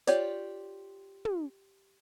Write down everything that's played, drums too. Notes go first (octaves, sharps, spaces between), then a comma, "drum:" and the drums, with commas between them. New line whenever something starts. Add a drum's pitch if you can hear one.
F4 G4 C#5 D5, drum: hi-hat
drum: tom